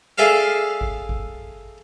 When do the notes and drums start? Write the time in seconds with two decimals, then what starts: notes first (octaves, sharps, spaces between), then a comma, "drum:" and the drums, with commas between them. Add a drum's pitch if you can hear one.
0.18 G#4 A4 D5 E5 F5
0.81 drum: kick G#1
1.09 drum: kick G#1